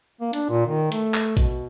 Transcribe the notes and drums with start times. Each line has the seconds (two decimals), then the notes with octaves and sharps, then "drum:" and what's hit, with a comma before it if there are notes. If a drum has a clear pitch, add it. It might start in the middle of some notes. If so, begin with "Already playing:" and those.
0.21 A#3
0.33 D4, drum: hi-hat
0.49 A#2
0.66 D#3
0.92 A3, drum: hi-hat
1.14 drum: clap
1.37 B2, drum: kick A#1, hi-hat